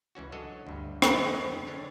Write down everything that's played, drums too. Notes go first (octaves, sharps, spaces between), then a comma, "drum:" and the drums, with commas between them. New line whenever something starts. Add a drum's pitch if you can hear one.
C#2 E3 C#4 F#4
F#3 D4 F#4 A4 C#5 D#5
D2 G2
drum: rim click
F2 F#3 C#4 D#4
C#3
D3 C#4 D4 C#5